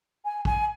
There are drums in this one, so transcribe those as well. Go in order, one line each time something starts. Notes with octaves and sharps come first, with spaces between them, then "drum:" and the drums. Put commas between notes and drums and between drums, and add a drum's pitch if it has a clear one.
G#5
G#5, drum: kick